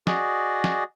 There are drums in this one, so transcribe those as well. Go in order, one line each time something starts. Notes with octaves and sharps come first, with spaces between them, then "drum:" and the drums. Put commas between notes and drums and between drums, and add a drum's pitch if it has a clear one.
F#4 G#4 D5 D#5, drum: snare
drum: snare